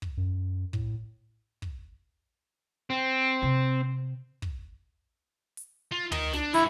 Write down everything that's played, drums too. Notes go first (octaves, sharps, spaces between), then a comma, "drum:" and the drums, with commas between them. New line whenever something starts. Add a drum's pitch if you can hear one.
drum: kick
F#2
A2, drum: kick
drum: kick
C4
C3
drum: kick
drum: hi-hat
F4
A#4 D#5, drum: tom
D4, drum: snare
G2 E4 F#4, drum: hi-hat